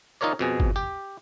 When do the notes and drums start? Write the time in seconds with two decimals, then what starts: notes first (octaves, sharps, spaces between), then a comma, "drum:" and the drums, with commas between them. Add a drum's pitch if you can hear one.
0.21 D#4 F4 A#4 C#5 D5
0.39 F2 B2 G#4
0.60 drum: kick G1
0.76 G4